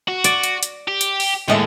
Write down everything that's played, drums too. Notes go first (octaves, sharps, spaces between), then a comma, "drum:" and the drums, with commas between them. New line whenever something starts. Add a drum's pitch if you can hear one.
F#4
D5, drum: hi-hat
drum: hi-hat
drum: hi-hat
G4
drum: hi-hat
drum: open hi-hat
D#2 A2 G#3 A3